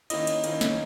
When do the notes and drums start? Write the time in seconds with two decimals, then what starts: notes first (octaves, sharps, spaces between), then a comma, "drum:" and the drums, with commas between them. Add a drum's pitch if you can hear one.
0.10 D#3 A#3 C#4 E4 D#5, drum: cymbal
0.27 drum: cymbal
0.44 D#3 A#3 C#4 E4, drum: cymbal
0.61 drum: snare